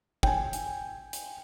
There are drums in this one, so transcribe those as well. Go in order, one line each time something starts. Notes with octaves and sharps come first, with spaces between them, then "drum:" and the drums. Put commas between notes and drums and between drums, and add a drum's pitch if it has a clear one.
G5 G#5, drum: kick
drum: hi-hat
drum: hi-hat